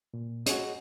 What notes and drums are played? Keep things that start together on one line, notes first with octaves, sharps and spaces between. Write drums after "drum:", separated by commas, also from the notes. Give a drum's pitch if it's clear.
A#2
F#4 G#4 C#5 D#5, drum: hi-hat